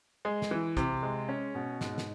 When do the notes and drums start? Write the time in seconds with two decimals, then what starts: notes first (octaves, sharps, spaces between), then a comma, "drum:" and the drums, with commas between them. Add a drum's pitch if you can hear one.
0.25 G#3
0.42 drum: snare
0.51 E3
0.77 C3, drum: kick, hi-hat
1.03 G#3
1.29 C#4
1.55 B2
1.81 G#2, drum: snare
1.98 drum: snare